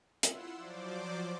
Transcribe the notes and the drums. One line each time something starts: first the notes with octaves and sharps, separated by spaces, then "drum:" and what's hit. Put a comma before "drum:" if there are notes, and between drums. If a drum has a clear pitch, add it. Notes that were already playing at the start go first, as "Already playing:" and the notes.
E4 F4 F#5 C6 E6, drum: hi-hat
F3 F#3 C5 D5 D6